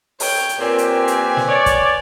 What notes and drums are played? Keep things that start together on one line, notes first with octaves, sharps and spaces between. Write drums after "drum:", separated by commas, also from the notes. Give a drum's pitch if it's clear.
C#5 G5, drum: open hi-hat
drum: hi-hat
A#2 C4 G4 B4 G#5
drum: hi-hat
drum: hi-hat
drum: snare
C#5 D5
drum: kick, hi-hat